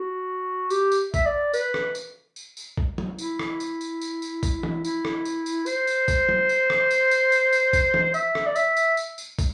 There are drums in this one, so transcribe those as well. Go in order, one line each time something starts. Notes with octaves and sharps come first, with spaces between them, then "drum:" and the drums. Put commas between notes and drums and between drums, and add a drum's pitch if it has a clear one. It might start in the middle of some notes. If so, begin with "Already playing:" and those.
Already playing: F#4
G4, drum: tambourine
drum: tambourine
E5, drum: kick, tambourine
D5
B4, drum: tambourine
drum: rim click
drum: tambourine
drum: tambourine
drum: tambourine
drum: kick
drum: tom
E4, drum: tambourine
drum: rim click
drum: tambourine
drum: tambourine
drum: tambourine
drum: tambourine
drum: kick, tambourine
drum: tom
E4, drum: tambourine
drum: rim click
drum: tambourine
drum: tambourine
C5, drum: tambourine
drum: tambourine
drum: kick, tambourine
drum: tom
drum: tambourine
drum: rim click
drum: tambourine
drum: tambourine
drum: tambourine
drum: tambourine
drum: kick, tambourine
drum: tom
E5, drum: tambourine
drum: rim click
D5
E5, drum: tambourine
drum: tambourine
drum: tambourine
drum: tambourine
drum: kick, tambourine